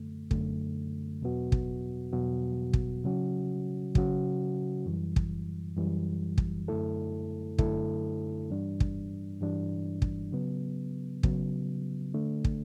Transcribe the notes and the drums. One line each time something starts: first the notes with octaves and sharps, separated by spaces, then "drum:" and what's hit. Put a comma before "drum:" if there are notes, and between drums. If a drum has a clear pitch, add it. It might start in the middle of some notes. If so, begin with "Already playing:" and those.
Already playing: F#2 D3 A3
F#2 D3 A3, drum: kick
E2 B2 F#3 B3 F#4
drum: kick
E2 B2 F#3 B3 F#4
drum: kick
C#3 F#3 C#4 F#4
C#3 F#3 C#4 F#4, drum: kick
F#2 E3 G3
drum: kick
F#2 E3 G3
drum: kick
F#2 D3 A3 E4 A4
F#2 D3 A3 E4 A4, drum: kick
G2 E3 G3 D4
drum: kick
G2 E3 G3 D4
drum: kick
C#3 F#3 B3
C#3 F#3 B3, drum: kick
D3 A3 D4
drum: kick